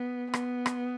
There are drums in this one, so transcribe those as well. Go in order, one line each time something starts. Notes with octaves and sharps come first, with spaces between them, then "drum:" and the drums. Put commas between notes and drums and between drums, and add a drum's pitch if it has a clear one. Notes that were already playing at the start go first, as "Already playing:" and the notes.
Already playing: B3
B3, drum: rim click
drum: rim click